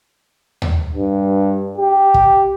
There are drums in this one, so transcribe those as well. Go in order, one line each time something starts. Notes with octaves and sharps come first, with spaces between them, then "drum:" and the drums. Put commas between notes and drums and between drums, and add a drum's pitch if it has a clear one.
drum: tom D#2
G2
G4
drum: kick